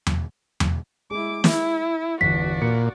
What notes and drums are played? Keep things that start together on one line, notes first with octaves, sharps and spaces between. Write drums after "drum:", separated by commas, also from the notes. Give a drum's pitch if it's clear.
drum: tom E2
drum: tom E2
G#3 E4 D6
E4, drum: snare
G1 E2 F#4 D5 B6
A#2 C#7